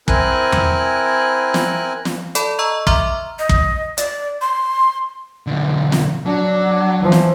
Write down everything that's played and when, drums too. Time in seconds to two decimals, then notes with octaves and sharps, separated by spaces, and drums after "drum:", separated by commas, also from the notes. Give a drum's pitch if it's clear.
0.08 C4 E4 A#4 G#5 F#6, drum: kick
0.52 drum: tom E2
1.54 drum: snare
2.05 drum: snare
2.35 A4 D5 A5 B5, drum: hi-hat
2.59 D#5 A#5 C#6 E6
2.87 E5 A#5 C6 D6 F6, drum: kick
3.39 D#5
3.49 drum: kick
3.98 D5, drum: hi-hat
4.41 C6
5.47 B1 D3
5.92 drum: snare
6.26 F#3 D4
7.01 E3 F3
7.12 drum: snare